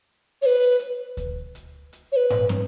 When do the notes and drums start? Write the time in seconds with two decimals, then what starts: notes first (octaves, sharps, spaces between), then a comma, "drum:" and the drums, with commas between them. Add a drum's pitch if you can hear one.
0.42 C#5, drum: open hi-hat
0.46 B4
0.79 drum: hi-hat
1.17 drum: kick D2, hi-hat
1.55 drum: hi-hat
1.93 drum: hi-hat
2.12 C#5
2.16 B4
2.30 drum: tom G#2
2.49 drum: snare